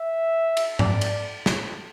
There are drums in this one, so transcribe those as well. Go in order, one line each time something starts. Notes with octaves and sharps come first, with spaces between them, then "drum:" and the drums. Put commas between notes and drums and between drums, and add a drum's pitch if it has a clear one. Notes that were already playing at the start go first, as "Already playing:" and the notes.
Already playing: E5
drum: cymbal
D5, drum: tom G#2
drum: cymbal
drum: snare